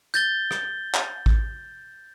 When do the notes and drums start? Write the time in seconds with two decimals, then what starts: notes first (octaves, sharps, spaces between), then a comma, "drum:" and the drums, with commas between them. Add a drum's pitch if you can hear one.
0.14 G6 A6 G7, drum: hi-hat
0.51 drum: rim click
0.94 drum: clap
1.26 drum: kick A1